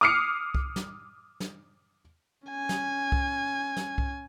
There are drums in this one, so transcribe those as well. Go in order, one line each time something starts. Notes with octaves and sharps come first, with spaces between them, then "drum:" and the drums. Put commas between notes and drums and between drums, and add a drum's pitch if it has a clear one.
D6 D#6 F6 C7 C#7
drum: kick C2
drum: snare
drum: snare
C#4 G#5
drum: snare
drum: kick C2
drum: snare
drum: kick C2